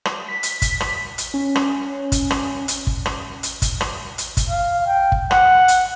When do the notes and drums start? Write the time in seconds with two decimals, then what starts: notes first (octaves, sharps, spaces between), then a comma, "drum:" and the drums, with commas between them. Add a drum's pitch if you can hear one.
0.05 drum: rim click
0.28 B6
0.43 drum: hi-hat
0.62 drum: kick, hi-hat
0.80 drum: rim click
1.18 drum: hi-hat
1.34 C#4
1.55 drum: rim click
2.12 drum: kick, hi-hat
2.31 drum: rim click
2.68 drum: hi-hat
2.87 drum: kick
3.06 drum: rim click
3.43 drum: hi-hat
3.62 drum: kick, hi-hat
3.81 drum: rim click
4.18 drum: hi-hat
4.37 drum: kick, hi-hat
4.50 F5
4.86 G5
5.12 drum: kick
5.31 F#5, drum: rim click
5.68 drum: hi-hat